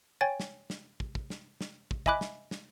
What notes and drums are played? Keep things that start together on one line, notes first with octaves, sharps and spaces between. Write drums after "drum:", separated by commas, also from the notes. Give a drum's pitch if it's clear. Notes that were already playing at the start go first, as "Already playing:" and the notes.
C#5 G5 G#5 A6
drum: snare
drum: snare
drum: kick
drum: kick
drum: snare
drum: snare
drum: kick
D#5 E5 G#5 B5 D6 F#6, drum: kick
drum: snare
drum: snare